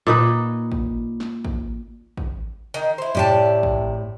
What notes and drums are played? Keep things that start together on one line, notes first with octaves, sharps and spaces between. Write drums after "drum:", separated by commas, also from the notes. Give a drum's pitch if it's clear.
A#2 D#4 B4
drum: kick
drum: snare
drum: kick
drum: kick
D#3
E4 C5
A2 C3 G4 D5 A5
drum: kick